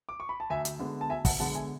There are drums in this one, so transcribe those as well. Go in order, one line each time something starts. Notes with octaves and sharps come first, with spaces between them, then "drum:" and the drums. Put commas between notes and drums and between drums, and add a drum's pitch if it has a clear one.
D6
C#6
B5
A5
D2 E5 G#5
drum: hi-hat
D3 G#3 B3
A5
D2 E5 G#5
F#5 A5, drum: kick, open hi-hat
D3 G#3 B3 F#5 A5
E5 G#5